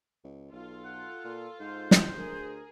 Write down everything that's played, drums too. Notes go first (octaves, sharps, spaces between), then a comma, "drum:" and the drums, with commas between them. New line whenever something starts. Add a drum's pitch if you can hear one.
C#2
B1 F4 A4
F#5
A#2
G#2 C5
drum: snare
D2 G#4 A#4